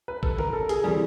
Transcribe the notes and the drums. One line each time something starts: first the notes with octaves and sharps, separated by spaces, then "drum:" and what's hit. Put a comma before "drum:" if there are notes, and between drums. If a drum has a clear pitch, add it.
B4
A4, drum: kick G#1
A#4, drum: tom D3
A4
G#4, drum: hi-hat
C3 E3 G3 G#4